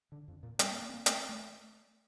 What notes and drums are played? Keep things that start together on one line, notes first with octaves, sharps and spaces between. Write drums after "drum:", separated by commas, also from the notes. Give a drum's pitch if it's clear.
D3
F2
A#2
G3, drum: hi-hat
A#3
A#3
C4
A#3
A3, drum: hi-hat
A3